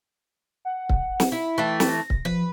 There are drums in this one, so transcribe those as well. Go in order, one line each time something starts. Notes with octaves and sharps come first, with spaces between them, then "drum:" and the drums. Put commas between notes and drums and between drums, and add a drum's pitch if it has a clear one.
F#5
drum: kick C#1
drum: snare
E4
E3 A3 G5
drum: snare
A#6
drum: kick C#1
F3 B4